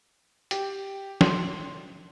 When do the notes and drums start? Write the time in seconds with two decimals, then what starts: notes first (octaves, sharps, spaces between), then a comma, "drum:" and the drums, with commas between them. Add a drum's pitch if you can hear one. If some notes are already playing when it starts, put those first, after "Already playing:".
0.51 G4, drum: hi-hat
1.21 C6, drum: snare